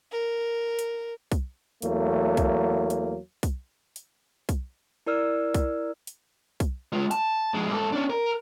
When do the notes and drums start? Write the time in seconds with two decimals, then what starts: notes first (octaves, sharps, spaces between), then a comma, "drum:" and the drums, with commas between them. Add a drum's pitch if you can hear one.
0.12 A#4
0.79 drum: hi-hat
1.32 drum: kick B1, hi-hat
1.82 E2 F#3 A3 A#3, drum: hi-hat
2.37 drum: kick B1, hi-hat
2.90 drum: hi-hat
3.43 drum: kick B1, hi-hat
3.96 drum: hi-hat
4.49 drum: kick B1, hi-hat
5.06 E4 A#4 D5 E6 F6
5.54 drum: kick B1, hi-hat
6.07 drum: hi-hat
6.60 drum: kick B1, hi-hat
6.93 G#3 F4
7.11 A5, drum: hi-hat
7.54 F2 G#3
7.70 G#2 A4
7.92 C#4 D4
8.10 A#4